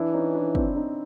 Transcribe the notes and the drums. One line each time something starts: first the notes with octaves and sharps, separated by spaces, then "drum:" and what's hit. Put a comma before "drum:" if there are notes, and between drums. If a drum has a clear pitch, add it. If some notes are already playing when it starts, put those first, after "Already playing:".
Already playing: E3 D4 E4
C#4 D#4
D4 E4
C4 D4, drum: kick
C#4 D#4